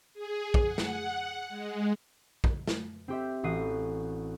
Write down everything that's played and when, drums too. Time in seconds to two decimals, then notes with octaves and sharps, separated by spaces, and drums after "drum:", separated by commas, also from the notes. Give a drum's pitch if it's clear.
0.14 G#4
0.54 drum: kick
0.64 F#5
0.78 drum: snare
1.49 G#3
2.44 drum: kick
2.68 drum: snare
3.08 C4 G4 E5
3.43 A1 F#4 D#6 C7 D#7